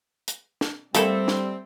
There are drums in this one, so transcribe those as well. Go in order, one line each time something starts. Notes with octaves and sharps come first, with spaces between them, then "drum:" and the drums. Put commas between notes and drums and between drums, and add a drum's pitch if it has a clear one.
drum: hi-hat
drum: snare
G3 A3 A#3 C4 E4 A4 E5, drum: hi-hat
drum: snare